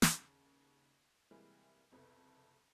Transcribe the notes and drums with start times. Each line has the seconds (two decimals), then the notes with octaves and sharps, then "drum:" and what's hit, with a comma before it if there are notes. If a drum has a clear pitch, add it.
0.02 D#2 C#3, drum: snare
1.31 C3 E3 G3 G#3 A#3
1.92 F#1 C2 F2 B3 A4